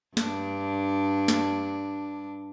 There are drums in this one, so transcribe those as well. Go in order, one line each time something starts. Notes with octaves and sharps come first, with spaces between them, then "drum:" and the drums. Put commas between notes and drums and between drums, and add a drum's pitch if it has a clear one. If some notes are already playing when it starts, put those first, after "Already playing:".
G2 D4, drum: snare
drum: snare